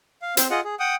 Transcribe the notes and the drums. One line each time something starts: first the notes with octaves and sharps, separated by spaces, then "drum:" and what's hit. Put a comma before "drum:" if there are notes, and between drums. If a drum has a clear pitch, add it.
F5
C4 C5, drum: hi-hat
F4 G#4 D#5 F#5
G#4
F#5 G5 D#6